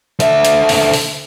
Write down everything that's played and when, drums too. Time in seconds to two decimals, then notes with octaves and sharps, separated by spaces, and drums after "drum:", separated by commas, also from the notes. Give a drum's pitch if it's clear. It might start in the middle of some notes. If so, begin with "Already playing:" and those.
0.20 D3 E5, drum: hi-hat
0.45 drum: hi-hat
0.69 drum: open hi-hat
0.93 drum: open hi-hat